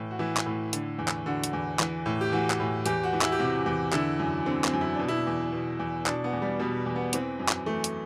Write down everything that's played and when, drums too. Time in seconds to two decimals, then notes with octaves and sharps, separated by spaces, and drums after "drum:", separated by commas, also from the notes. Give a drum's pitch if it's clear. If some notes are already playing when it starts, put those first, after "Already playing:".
Already playing: A2 E3
0.11 F#4
0.19 E3 E4
0.37 drum: clap
0.46 A2
0.73 D3, drum: hi-hat
0.98 E2
1.08 drum: clap
1.26 D3 F#4
1.44 drum: hi-hat
1.53 E2
1.79 E3, drum: clap
2.06 A2
2.21 G4
2.32 E3 F#4
2.50 drum: clap
2.60 A2
2.86 E2 G4, drum: hi-hat
3.03 F#4
3.13 E3
3.21 E4, drum: clap
3.32 G4
3.39 C3 F#4
3.66 E2
3.93 D3 E4, drum: clap
4.19 F#2
4.46 D3 C4
4.64 C4, drum: clap
4.73 F#2
4.81 E4
4.95 B2 D4
5.08 E4
5.27 E2
5.52 B2
5.79 E2
6.06 B2 D4, drum: clap
6.24 B3
6.33 E2
6.42 G3
6.59 B2 G3
6.86 E2
6.96 B3
7.13 E3 C4, drum: hi-hat
7.39 F#2
7.48 drum: clap
7.66 E3 A3
7.84 drum: hi-hat